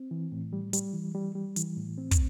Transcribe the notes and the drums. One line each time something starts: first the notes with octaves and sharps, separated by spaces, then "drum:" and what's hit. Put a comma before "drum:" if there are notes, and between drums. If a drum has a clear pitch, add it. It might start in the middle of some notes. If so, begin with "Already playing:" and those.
Already playing: C4
E3
A2
G3
G3, drum: hi-hat
E3
G3
G3
E3, drum: hi-hat
A2
C4
drum: kick, hi-hat